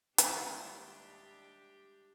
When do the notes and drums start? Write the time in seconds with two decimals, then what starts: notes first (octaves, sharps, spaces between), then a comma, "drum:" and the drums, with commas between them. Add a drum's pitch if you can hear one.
0.18 D#2 G3 G#3 D4 E4 G4 E5, drum: hi-hat